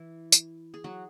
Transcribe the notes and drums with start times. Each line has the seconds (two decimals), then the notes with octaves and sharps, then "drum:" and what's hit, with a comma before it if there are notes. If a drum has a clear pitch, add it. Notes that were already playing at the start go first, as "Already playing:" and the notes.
Already playing: E3 E4
0.32 drum: tambourine
0.74 G#4
0.84 F#3 F#4